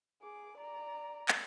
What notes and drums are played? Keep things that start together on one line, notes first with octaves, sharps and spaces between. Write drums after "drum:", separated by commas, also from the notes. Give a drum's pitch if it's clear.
G#4 D6
D5 A#5
drum: clap